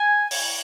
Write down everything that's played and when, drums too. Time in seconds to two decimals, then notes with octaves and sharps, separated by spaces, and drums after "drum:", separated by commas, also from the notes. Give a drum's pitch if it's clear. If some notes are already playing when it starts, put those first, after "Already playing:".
Already playing: G#5
0.31 drum: open hi-hat